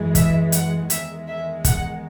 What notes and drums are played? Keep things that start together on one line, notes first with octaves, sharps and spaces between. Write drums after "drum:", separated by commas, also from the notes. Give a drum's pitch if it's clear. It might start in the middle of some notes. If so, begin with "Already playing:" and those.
Already playing: F#2 E3 G#3
E5, drum: kick, hi-hat
F#5, drum: hi-hat
E2 D#3 G#3 E5, drum: hi-hat
E5
F#5, drum: kick, hi-hat